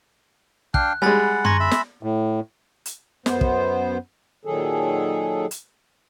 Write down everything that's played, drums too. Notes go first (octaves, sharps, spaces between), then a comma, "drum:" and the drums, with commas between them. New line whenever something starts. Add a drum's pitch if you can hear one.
D4 F5 G5 F#6, drum: kick
G3 G#3 F#5 G#5 B5 A6
G#5 A#5 C6 C#6 A#6, drum: tom F#2
E5 B5
drum: snare
A2
drum: hi-hat
F#2 B3 C5, drum: snare
drum: kick
A#2 D#3 F#3 G#4 A4
drum: hi-hat